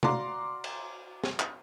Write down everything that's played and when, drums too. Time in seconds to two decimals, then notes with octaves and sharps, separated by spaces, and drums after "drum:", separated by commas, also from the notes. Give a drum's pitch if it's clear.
0.03 F#4 D5 F5 A#5 C6 D6, drum: tom C3
0.64 drum: cymbal
1.24 drum: snare
1.39 drum: clap